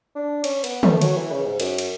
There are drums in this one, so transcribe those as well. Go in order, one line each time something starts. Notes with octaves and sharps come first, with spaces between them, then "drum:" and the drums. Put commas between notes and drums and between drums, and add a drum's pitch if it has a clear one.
D4
C#4, drum: cymbal
B3, drum: cymbal
A3, drum: tom
F#3, drum: cymbal
E3
C#3
G#2
F#2, drum: cymbal
drum: cymbal